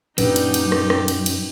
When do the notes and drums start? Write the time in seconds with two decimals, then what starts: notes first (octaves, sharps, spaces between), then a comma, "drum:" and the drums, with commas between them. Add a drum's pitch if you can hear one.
0.18 F#2 A#2 D4 D#4 G4 B4, drum: cymbal
0.36 drum: cymbal
0.54 drum: cymbal
0.72 drum: rim click
0.90 drum: rim click
1.08 drum: cymbal
1.26 drum: cymbal